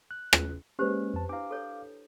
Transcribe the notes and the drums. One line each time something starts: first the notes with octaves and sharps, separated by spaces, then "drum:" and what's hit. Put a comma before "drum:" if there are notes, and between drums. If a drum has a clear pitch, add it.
F#6
drum: rim click
G#3 A#3 C#4 G4 B4 C5
F2 A5
D4 E4 F5 D6
A4 C#5